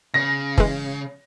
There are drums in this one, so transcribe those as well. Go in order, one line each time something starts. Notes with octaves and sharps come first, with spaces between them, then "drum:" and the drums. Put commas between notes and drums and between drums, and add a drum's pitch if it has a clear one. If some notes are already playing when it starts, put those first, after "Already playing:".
C#3 A#6
E3 G#3, drum: kick